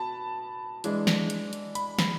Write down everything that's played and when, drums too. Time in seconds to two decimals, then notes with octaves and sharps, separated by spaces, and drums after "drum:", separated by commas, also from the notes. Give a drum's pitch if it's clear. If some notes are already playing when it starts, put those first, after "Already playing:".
Already playing: B2 A5 B5
0.84 E3 G#3 D4, drum: hi-hat
1.07 drum: snare
1.30 drum: hi-hat
1.53 drum: hi-hat
1.75 B5, drum: hi-hat
1.99 drum: snare